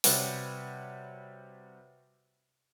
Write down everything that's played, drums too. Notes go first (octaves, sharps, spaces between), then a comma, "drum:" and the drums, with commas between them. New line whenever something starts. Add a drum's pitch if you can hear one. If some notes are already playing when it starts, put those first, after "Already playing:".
C3 G3 F#4 B4 C#5, drum: open hi-hat